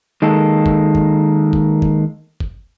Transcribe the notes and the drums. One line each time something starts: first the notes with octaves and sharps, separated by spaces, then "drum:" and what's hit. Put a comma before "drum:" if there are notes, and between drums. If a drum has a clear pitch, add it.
D#3 G#3 A#3 A4
drum: kick
drum: kick
drum: kick
drum: kick
drum: kick